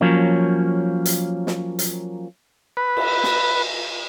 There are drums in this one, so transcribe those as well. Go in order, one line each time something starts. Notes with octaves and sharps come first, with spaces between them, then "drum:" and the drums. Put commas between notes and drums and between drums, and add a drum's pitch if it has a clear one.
F3 F#3 A#3 C#4
drum: hi-hat
drum: snare
drum: hi-hat
B4
drum: cymbal
drum: snare